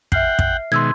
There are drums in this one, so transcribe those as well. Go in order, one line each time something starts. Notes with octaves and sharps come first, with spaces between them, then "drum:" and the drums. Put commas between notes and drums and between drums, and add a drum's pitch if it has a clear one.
E5 F#5 G5 F6 C7, drum: kick
drum: kick
B2 D#3 G#3 C6 E6 G#6